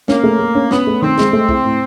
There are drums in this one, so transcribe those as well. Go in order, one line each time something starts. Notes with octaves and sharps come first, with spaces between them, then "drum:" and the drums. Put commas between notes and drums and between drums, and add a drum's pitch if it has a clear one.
A#3 C#4, drum: snare
A3
A3
C#4
B3 C#4, drum: snare
A3
D#3 C4
G#3, drum: snare
A3
E4, drum: kick
A2